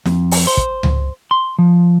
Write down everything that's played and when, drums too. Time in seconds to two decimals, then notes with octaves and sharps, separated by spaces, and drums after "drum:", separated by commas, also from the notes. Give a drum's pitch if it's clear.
0.06 F2, drum: snare
0.31 drum: open hi-hat
0.47 C5
0.57 drum: kick
0.83 drum: tom C#2
1.31 C6
1.59 F3